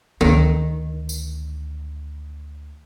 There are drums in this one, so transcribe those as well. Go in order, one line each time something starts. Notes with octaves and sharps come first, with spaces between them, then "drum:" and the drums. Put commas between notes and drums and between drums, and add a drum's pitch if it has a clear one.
D2 D#3, drum: tom
drum: tambourine